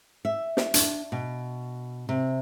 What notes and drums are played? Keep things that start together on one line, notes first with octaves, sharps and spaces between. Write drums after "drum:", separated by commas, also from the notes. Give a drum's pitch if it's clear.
E5
drum: snare
D4, drum: hi-hat
B2
C3